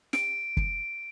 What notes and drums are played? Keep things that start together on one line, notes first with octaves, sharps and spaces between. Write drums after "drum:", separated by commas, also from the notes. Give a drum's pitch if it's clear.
D7, drum: snare
drum: kick